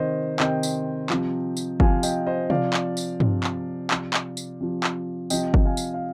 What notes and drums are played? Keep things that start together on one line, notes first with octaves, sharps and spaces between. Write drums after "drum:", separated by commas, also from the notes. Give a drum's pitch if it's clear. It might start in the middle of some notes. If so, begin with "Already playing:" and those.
Already playing: C3 D#3 C5 D#5
C3 D#3 D#5 G5, drum: clap
drum: tambourine
C3 F3, drum: clap
drum: tambourine
C3 F3 F5 G#5, drum: kick G1
D#5 G5, drum: tambourine
C5 D#5
C3 F3 D5 F5, drum: tom C3
drum: clap
drum: tambourine
C3 F3, drum: tom G2
drum: clap
C3 F3, drum: clap
drum: clap
drum: tambourine
C3 F3
drum: clap
C3 F3 D#5 G5, drum: tambourine
drum: kick G1
F5 G#5
drum: tambourine
F5